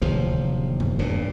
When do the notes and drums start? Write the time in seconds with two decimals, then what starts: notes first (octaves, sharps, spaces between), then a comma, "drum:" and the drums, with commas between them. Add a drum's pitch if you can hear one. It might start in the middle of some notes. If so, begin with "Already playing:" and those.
0.02 D1 D#2 C3 F3, drum: kick C2
0.80 drum: tom F#2
0.99 D#1 G2 A#2